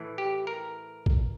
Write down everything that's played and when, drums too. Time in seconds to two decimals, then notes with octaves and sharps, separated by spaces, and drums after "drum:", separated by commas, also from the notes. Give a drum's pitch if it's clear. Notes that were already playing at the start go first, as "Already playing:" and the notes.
Already playing: A2 E3
0.18 G4
0.47 A#4
1.06 drum: kick A1